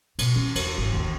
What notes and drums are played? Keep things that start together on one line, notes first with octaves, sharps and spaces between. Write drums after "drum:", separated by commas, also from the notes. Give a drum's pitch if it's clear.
B2, drum: cymbal
C#4
E2, drum: cymbal
G#1
D#2